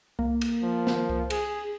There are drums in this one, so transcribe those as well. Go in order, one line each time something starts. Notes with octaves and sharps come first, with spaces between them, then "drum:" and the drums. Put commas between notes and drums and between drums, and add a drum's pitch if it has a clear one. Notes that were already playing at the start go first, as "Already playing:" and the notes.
A#3, drum: kick C2
drum: cymbal
F3
drum: snare
drum: kick C2
G#4, drum: cymbal